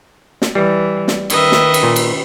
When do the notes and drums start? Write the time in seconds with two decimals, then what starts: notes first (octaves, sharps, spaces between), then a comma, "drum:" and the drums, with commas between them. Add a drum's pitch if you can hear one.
0.42 drum: snare
0.55 E3 G3
1.08 drum: snare
1.30 D#3 B4 D#5 E5, drum: cymbal
1.52 drum: snare
1.74 drum: cymbal
1.83 A#2
1.96 drum: cymbal